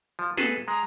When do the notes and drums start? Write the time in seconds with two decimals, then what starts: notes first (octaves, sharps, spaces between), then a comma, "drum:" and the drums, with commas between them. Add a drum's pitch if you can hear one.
0.19 F3
0.37 G#4 A4 B4, drum: snare
0.68 G#3 A#5